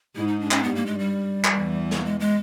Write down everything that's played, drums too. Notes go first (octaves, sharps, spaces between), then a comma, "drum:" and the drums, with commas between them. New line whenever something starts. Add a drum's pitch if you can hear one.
G#2 G#3 E4
D#4
D4
C#4, drum: clap
G2 G3 B3
A#3
G#3
G3
drum: clap
E2 E3
drum: snare
G#3
G#3